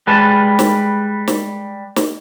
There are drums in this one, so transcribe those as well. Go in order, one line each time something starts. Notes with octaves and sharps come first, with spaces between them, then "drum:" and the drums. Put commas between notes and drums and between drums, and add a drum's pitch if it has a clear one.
G3 G#3 B4 A5
drum: snare
drum: snare
drum: snare